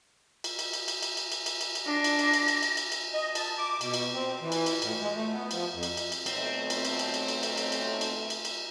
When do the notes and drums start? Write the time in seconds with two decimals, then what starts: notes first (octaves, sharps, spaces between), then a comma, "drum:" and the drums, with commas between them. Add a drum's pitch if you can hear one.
0.44 drum: cymbal
0.59 drum: cymbal
0.73 drum: cymbal
0.88 drum: cymbal
1.02 drum: cymbal
1.17 drum: cymbal
1.32 drum: cymbal
1.46 drum: cymbal
1.61 drum: cymbal
1.75 drum: cymbal
1.86 D4 A#6
2.04 drum: cymbal
2.19 drum: cymbal
2.33 drum: cymbal
2.48 drum: cymbal
2.63 drum: cymbal
2.77 drum: cymbal
2.92 drum: cymbal
3.14 D#5
3.35 A5, drum: cymbal
3.58 D6
3.81 B2, drum: cymbal
3.94 drum: cymbal
4.14 C4
4.42 E3
4.52 drum: cymbal
4.66 drum: cymbal
4.82 A2, drum: cymbal
5.00 G#3
5.15 A3
5.33 B3
5.51 F3, drum: cymbal
5.73 F2
5.83 drum: cymbal
5.97 drum: cymbal
6.12 drum: cymbal
6.26 B1 A3 C4, drum: cymbal
6.70 drum: cymbal
6.85 drum: cymbal
6.99 drum: cymbal
7.14 drum: cymbal
7.28 drum: cymbal
7.43 drum: cymbal
7.57 drum: cymbal
7.72 drum: cymbal
8.01 drum: cymbal
8.30 drum: cymbal
8.45 drum: cymbal